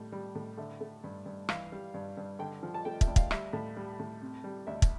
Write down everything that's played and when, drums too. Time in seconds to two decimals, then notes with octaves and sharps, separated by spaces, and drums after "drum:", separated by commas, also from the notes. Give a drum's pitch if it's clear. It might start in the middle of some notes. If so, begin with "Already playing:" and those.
Already playing: A2 G3
0.12 G3
0.35 A2
0.58 D3 E5
0.80 A3
1.04 G2
1.26 G2
1.49 E3 F5, drum: rim click
1.72 G3
1.94 G2
2.17 G2
2.39 D3 G5
2.63 F3
2.74 A5
2.85 A3 G5
3.01 E5, drum: kick
3.07 D2
3.16 F5, drum: kick
3.31 G3 E5, drum: rim click
3.53 A2
3.77 G3
3.99 A2
4.22 C3
4.44 G3
4.67 D2 E5
4.82 drum: kick